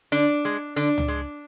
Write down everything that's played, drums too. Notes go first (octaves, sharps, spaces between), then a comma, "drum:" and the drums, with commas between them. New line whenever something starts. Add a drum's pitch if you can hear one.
D3 D4
G#3
D3 D4
drum: tom C#2
G#3